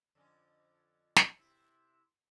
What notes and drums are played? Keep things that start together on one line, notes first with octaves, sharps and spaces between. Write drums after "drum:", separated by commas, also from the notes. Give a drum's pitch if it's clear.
F2 D3 C#4
drum: snare
C3 E4